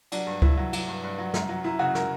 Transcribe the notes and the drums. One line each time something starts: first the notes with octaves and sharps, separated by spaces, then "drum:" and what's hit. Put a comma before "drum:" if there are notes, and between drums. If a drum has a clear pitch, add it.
F#3 D4, drum: cymbal
G2
G2 E4, drum: kick C#2
F#3
F#3, drum: cymbal
G2
G2
F#3
F#2, drum: snare
F#3
F#2 E4
C#3 F#4
A#4, drum: snare